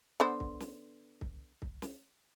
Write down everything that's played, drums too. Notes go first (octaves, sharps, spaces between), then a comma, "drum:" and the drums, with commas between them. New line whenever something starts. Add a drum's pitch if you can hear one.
D3 B3 C5
drum: kick C2
drum: snare
drum: kick C2
drum: kick C2
drum: snare